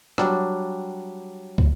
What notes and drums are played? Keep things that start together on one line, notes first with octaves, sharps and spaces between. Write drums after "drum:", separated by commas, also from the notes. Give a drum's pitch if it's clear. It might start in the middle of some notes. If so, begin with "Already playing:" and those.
F#3 G3 D4, drum: rim click
drum: kick